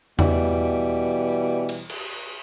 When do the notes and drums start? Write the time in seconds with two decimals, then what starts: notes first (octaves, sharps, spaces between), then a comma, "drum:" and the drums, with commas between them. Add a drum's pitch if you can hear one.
0.19 B2 E3 G3, drum: tom E2
1.69 drum: cymbal
1.90 drum: cymbal